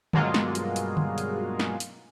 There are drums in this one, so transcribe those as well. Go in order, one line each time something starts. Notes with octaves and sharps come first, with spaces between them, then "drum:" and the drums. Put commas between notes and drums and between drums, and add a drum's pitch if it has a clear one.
G2 B2 F#3 G#3 A#3 F4, drum: tom D3
drum: snare
drum: hi-hat
drum: hi-hat
drum: tom D3
drum: hi-hat
drum: snare
drum: hi-hat